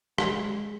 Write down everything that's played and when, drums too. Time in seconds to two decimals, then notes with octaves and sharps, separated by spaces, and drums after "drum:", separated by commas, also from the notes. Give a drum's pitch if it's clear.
0.18 G#3, drum: rim click